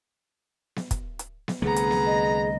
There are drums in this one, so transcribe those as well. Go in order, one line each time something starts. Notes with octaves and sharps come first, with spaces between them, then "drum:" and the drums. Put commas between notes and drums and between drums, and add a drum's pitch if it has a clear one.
drum: snare B3
drum: kick, hi-hat
drum: hi-hat
drum: snare B3
C2 D3 A3 B3 G#4 A#5
drum: hi-hat
drum: snare B3
D#5